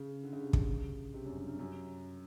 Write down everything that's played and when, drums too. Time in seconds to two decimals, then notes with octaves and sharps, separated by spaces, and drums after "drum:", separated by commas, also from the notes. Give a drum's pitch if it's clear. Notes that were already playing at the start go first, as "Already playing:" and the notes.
Already playing: C#3
0.23 D3
0.33 C#3
0.43 C3
0.53 C#3, drum: kick
1.14 C3
1.26 F#2
1.36 G2
1.47 G2
1.59 F#2